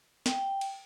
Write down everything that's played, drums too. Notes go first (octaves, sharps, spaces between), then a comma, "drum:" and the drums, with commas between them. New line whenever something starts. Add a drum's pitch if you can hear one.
G5, drum: snare
drum: cymbal